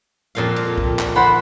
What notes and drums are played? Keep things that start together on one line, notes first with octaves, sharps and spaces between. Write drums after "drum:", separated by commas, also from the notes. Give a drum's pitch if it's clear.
F2 A#2 F5
drum: cymbal
drum: kick
drum: clap
F3 C5 F#5 B5